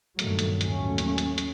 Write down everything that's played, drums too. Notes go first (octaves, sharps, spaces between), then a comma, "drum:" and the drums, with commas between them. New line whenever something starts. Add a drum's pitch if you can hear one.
G2 A#2 D#3 F#3 A3, drum: hi-hat
drum: hi-hat
A1 D#2 F#3 A3 C#4, drum: hi-hat
drum: hi-hat
drum: hi-hat
drum: hi-hat